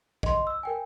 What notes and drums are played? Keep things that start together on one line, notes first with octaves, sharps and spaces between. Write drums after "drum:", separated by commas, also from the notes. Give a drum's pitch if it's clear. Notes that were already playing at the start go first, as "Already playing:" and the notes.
D#5 C6, drum: kick A#1
E6
A#4 G5 G#5